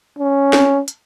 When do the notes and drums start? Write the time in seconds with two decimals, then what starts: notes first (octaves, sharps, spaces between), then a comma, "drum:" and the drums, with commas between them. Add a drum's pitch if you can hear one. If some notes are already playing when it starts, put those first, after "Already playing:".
0.19 C#4
0.53 drum: snare
0.88 drum: hi-hat